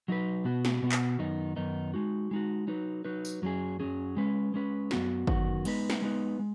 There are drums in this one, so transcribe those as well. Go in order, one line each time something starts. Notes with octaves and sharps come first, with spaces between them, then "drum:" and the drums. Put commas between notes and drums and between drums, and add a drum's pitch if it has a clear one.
F#3 D#4 B4
B2 B3 F#4
drum: snare
B2 B3 F#4
drum: clap
F#2 D#3 B3 D#4
F#2 D#3 B3 D#4
G#3 D#4 F#4
G#3 D#4 F#4
F#3 D#4 B4
F#3 D#4 B4
drum: tambourine
F#2 F#3 C#4 G#4
F#2 F#3 C#4 G#4
G#3 C#4 B4
G#3 C#4 B4
F#2 D#3 B3 F#4, drum: snare
F#2 D#3 B3 F#4, drum: kick
G#3 B3 D#4 B4, drum: cymbal
drum: snare
G#3 B3 D#4 B4
G#3